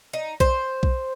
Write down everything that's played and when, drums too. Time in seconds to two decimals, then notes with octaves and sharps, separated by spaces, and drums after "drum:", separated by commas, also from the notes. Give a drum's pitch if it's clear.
0.13 D#4
0.40 C5, drum: kick B1
0.83 drum: kick B1